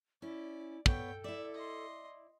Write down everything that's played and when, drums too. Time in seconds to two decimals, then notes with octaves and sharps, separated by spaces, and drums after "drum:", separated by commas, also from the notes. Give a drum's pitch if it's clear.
0.22 C#4 E4 D5
0.86 B3 A4 C#5 G5, drum: kick
1.24 E4 D5 E5
1.55 D#5 C6